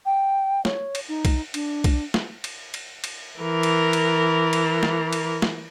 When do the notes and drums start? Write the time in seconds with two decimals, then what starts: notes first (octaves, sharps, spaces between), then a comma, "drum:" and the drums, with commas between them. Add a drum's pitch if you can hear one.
0.06 G5
0.65 C#5, drum: snare
0.95 drum: cymbal
1.08 D#4
1.25 drum: kick B1, cymbal
1.54 D4, drum: cymbal
1.84 drum: kick B1, cymbal
2.14 drum: snare
2.44 drum: cymbal
2.74 drum: cymbal
3.04 drum: cymbal
3.41 E3 A#4
3.63 drum: cymbal
3.93 drum: cymbal
4.53 drum: cymbal
4.83 drum: snare
5.13 drum: cymbal
5.42 drum: snare